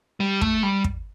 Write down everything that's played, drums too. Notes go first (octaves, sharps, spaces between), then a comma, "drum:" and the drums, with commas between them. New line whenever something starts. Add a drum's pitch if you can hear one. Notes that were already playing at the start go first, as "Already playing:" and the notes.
G3
A3, drum: kick
G3
drum: kick